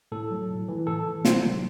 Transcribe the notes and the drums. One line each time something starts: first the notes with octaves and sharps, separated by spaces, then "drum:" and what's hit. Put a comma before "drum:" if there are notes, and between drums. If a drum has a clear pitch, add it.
A2 A4
F#3
A2
E3
A2 A4
E3
C3 C5, drum: snare
D#3 F#3